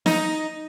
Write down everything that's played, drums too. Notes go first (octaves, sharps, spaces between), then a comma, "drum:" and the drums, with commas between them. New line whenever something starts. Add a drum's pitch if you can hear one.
D#4, drum: snare